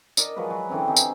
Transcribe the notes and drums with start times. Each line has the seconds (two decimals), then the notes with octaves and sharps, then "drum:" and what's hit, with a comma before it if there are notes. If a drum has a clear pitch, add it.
0.17 A#4 D5 D#5, drum: tambourine
0.36 F3 F#3 G#3 B4
0.50 F#3
0.69 D3 E3 C4 C#4
0.87 C4 D#4 G4 G#4
0.96 drum: tambourine